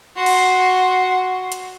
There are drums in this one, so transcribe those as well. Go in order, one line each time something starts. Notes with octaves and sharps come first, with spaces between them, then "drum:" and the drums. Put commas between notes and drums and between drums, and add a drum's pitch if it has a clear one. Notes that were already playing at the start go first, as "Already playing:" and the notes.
F#4 C6
drum: cymbal
drum: hi-hat